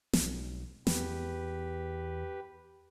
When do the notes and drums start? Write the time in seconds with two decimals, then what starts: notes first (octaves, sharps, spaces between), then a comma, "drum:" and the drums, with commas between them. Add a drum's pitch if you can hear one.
0.13 B1, drum: snare
0.87 E2 G4 B4, drum: snare